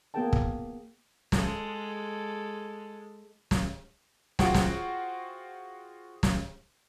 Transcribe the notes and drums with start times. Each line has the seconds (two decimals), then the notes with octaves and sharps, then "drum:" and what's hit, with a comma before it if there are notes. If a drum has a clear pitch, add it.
0.14 A#3 B3 G#4 A#4 G5 A5
0.33 drum: kick
1.32 G#3 A4, drum: snare
3.51 drum: snare
4.39 F4 F#4 G#4 C5 F#5 G5, drum: snare
4.54 drum: snare
6.23 drum: snare